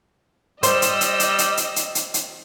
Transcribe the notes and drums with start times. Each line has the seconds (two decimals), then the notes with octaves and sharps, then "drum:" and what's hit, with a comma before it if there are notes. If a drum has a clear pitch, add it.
0.63 G3 C5 D#5 E6, drum: hi-hat
0.82 drum: hi-hat
1.01 drum: hi-hat
1.20 drum: hi-hat
1.38 drum: hi-hat
1.57 drum: hi-hat
1.76 drum: hi-hat
1.95 drum: hi-hat
2.14 drum: hi-hat